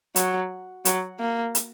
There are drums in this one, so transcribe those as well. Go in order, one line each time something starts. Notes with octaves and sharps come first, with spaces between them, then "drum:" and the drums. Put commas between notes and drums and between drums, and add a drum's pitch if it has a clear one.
F#3, drum: hi-hat
F#3, drum: hi-hat
A#3
drum: hi-hat